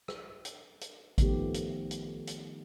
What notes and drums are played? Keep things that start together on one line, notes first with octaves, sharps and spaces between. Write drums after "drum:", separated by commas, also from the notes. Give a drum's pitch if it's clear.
drum: rim click
drum: hi-hat
drum: hi-hat
D#3 F3 A3 B3 G4, drum: kick G#1, hi-hat
drum: hi-hat
drum: hi-hat
drum: hi-hat